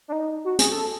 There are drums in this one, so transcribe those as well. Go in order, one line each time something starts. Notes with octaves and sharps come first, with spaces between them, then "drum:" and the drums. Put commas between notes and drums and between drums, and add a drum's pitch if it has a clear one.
D4
D#4
F#4
G#4, drum: hi-hat
A4